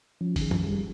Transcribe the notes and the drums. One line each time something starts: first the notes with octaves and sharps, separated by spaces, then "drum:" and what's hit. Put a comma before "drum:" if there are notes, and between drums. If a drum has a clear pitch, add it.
F3 C#4
D#3, drum: kick F#1, open hi-hat
G#4
F3, drum: tom F#2
D#3 G3